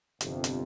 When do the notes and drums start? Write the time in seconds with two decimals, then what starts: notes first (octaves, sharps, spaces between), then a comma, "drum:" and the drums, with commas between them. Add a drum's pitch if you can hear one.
0.21 G1 F2 C3, drum: hi-hat
0.44 drum: hi-hat